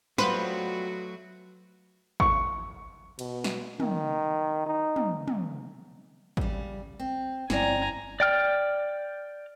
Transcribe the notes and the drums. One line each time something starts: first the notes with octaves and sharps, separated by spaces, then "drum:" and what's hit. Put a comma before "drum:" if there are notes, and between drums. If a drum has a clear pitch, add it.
F#3 G3 A3 B3 F4 F#4 B4 C5, drum: snare
C#6, drum: kick G#1
B2, drum: cymbal
drum: snare
D#3, drum: tom
D#4
drum: tom
drum: tom
C#3 G3, drum: kick G#1
C4
G1 F2 C4 C#4 E4 D5 G#5 A#5, drum: snare
D5 G5 F6